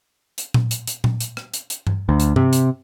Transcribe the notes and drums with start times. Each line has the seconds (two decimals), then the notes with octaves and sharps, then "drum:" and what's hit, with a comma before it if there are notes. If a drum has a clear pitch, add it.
0.38 drum: hi-hat
0.54 drum: tom A#2
0.71 drum: hi-hat
0.87 drum: hi-hat
1.04 drum: tom A#2
1.20 drum: hi-hat
1.37 drum: rim click
1.54 drum: hi-hat
1.70 drum: hi-hat
1.87 drum: tom G2
2.09 D2
2.20 drum: hi-hat
2.36 C3, drum: tom G2
2.53 drum: hi-hat